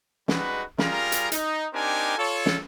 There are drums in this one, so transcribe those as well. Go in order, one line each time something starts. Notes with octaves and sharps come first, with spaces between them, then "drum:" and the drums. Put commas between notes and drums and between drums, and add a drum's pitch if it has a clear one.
G3 G#3 D#4 F#4 B4, drum: snare
G3 F4 G#4 A#4 A#5, drum: snare
drum: hi-hat
D#4, drum: hi-hat
C4 D4 D#4 G4 A#4 G#5
F4 A4 C#5
drum: snare